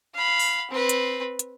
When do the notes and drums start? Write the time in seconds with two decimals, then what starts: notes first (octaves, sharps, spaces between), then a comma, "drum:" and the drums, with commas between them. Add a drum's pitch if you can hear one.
0.14 F5 B5
0.39 drum: open hi-hat
0.70 C4 B4
0.89 drum: hi-hat
1.39 drum: hi-hat